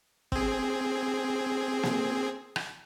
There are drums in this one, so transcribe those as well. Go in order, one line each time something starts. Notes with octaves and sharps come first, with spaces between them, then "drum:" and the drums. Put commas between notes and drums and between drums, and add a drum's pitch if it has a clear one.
C4 G#4, drum: kick
drum: snare A#3
drum: rim click